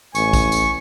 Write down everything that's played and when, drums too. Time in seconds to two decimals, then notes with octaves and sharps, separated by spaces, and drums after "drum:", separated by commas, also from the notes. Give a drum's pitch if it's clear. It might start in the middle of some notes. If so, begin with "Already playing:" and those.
0.15 A1 G#5 C#6, drum: tambourine
0.33 drum: kick A#1, tambourine
0.52 drum: tambourine